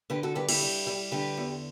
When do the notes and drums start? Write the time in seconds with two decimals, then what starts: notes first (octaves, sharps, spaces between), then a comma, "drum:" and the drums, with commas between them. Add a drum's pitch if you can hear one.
0.10 D3 G4 B4
0.23 F#4 A4
0.35 G2 G4 B4
0.49 E4 G4, drum: cymbal
0.61 G3
0.87 G3
1.12 D3 G4 B4
1.37 E2